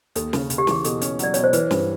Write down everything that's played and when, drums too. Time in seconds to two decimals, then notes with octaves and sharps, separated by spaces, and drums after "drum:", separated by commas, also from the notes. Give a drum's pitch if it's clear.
0.15 D#2 A4, drum: hi-hat
0.33 C#3, drum: snare
0.50 C#3, drum: hi-hat
0.58 G4
0.67 E3 G#4, drum: snare
0.84 B2 A4, drum: hi-hat
1.01 C#4, drum: hi-hat
1.19 F#3 D5, drum: hi-hat
1.34 B2 C#5, drum: hi-hat
1.44 C5
1.53 E3 B4, drum: hi-hat
1.71 G2, drum: snare